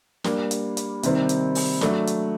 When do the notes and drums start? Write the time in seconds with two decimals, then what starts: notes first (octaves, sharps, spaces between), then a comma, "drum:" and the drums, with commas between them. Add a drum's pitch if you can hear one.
0.24 G3 A#3 D4, drum: snare
0.51 drum: hi-hat
0.77 drum: hi-hat
1.03 C3 D#3 G3 C4, drum: hi-hat
1.29 drum: hi-hat
1.55 drum: open hi-hat
1.81 F#3 A3 D4, drum: snare
2.07 drum: hi-hat